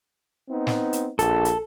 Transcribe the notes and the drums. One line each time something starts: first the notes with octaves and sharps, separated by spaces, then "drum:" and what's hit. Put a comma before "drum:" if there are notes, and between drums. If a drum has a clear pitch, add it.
B3 C4 D#4
drum: snare
drum: hi-hat
A#1 A4, drum: hi-hat
drum: hi-hat